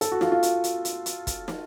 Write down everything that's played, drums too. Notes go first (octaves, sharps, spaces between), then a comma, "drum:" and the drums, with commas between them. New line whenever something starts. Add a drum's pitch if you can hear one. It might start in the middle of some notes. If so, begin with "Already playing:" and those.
A4, drum: hi-hat
F#4
F4, drum: snare
F4
drum: hi-hat
drum: hi-hat
drum: hi-hat
drum: hi-hat
drum: kick, hi-hat
drum: snare